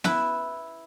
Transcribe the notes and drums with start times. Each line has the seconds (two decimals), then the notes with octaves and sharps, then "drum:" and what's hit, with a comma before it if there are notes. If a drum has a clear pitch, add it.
0.04 E4 B4 E5, drum: snare B3